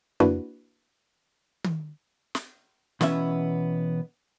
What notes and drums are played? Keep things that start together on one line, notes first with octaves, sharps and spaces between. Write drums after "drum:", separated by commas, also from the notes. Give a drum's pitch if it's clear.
A#3 D4 E4 F#4 B4, drum: tom F2
drum: tom D#3
drum: snare
B2 E3 B3 C#4 E5, drum: snare